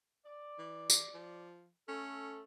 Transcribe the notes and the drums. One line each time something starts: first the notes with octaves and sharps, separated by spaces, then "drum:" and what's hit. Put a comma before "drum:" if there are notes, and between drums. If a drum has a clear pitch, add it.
D5
E3
drum: tambourine
F3
A3 C#4 A4